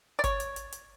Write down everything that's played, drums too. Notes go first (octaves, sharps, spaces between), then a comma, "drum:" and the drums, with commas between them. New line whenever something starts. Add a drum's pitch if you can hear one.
D5
C#5, drum: kick G1, hi-hat
drum: hi-hat
drum: hi-hat
drum: hi-hat